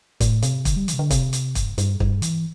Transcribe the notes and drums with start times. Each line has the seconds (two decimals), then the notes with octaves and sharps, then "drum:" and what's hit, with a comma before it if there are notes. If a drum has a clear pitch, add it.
0.20 A2, drum: kick, hi-hat
0.42 C3, drum: hi-hat
0.65 D3, drum: kick, hi-hat
0.76 G3
0.88 E3, drum: hi-hat
0.93 C3
0.99 D3
1.11 C3, drum: kick, hi-hat
1.33 drum: hi-hat
1.55 G2, drum: kick, hi-hat
1.78 G2, drum: hi-hat
2.00 G2, drum: kick
2.22 E3, drum: hi-hat